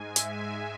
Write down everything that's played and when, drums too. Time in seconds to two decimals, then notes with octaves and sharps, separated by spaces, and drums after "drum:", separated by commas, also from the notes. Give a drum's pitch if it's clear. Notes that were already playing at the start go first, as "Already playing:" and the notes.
Already playing: G#2 G#3 G#5
0.16 E5, drum: hi-hat